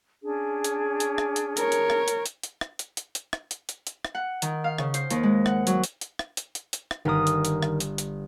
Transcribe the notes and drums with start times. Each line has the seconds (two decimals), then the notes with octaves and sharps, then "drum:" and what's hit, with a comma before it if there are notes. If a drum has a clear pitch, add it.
0.23 C#4 D4 G#4
0.64 drum: hi-hat
1.00 drum: hi-hat
1.18 drum: rim click
1.36 drum: hi-hat
1.57 A#4 C#5, drum: hi-hat
1.72 drum: hi-hat
1.90 drum: rim click
2.08 drum: hi-hat
2.26 drum: hi-hat
2.43 drum: hi-hat
2.61 drum: rim click
2.79 drum: hi-hat
2.97 drum: hi-hat
3.15 drum: hi-hat
3.33 drum: rim click
3.51 drum: hi-hat
3.69 drum: hi-hat
3.87 drum: hi-hat
4.05 drum: rim click
4.15 F#5
4.42 D#3, drum: hi-hat
4.64 F5
4.78 C#3, drum: rim click
4.94 C5, drum: hi-hat
5.10 D#2, drum: hi-hat
5.23 G#3
5.46 F#5, drum: rim click
5.67 F#3, drum: hi-hat
5.84 drum: hi-hat
6.01 drum: hi-hat
6.19 drum: rim click
6.37 drum: hi-hat
6.55 drum: hi-hat
6.73 drum: hi-hat
6.91 drum: rim click
7.05 G1 D#3 A#4 D#6
7.27 drum: hi-hat
7.45 drum: hi-hat
7.63 drum: rim click
7.80 drum: hi-hat
7.98 drum: hi-hat